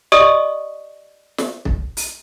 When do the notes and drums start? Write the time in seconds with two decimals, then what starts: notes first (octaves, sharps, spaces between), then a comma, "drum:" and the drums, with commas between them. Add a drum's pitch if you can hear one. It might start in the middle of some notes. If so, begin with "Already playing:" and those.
0.12 G4 D5 D#5 C#6 D#6
1.38 drum: snare
1.65 drum: kick
1.97 drum: open hi-hat